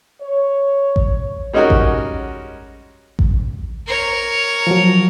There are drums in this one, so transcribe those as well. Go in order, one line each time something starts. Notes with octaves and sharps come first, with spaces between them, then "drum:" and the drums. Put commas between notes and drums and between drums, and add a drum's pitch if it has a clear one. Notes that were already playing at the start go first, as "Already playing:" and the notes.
C#5
drum: kick A1
G3 G#3 C#4 D#4 F#4 A#4
drum: kick A1
drum: kick A1
A#4 C#5
F3 F#3